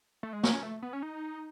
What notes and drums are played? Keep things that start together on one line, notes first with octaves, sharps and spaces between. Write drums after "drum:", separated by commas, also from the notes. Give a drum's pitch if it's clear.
A3
G#3
A3, drum: snare
C#4
A3
B3
C#4
D#4